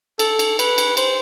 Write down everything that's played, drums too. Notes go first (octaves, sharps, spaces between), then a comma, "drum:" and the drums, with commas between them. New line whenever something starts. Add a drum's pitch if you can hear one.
A4, drum: cymbal
drum: cymbal
B4, drum: cymbal
drum: cymbal
C5, drum: cymbal